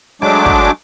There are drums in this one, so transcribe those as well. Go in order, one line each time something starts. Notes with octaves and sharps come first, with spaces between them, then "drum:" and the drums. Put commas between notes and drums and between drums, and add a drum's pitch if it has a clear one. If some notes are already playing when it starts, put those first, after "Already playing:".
F#3 G#3 A3 D4 D6, drum: rim click
drum: kick